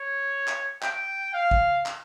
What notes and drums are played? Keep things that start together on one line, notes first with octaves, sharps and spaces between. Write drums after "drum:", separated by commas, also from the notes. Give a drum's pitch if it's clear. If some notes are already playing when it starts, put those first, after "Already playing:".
Already playing: C#5
drum: clap
G5, drum: clap
F5
drum: kick
drum: clap